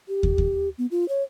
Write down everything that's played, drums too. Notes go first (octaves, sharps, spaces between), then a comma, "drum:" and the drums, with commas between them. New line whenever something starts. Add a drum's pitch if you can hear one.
G4
drum: kick
drum: kick
B3
F4
C#5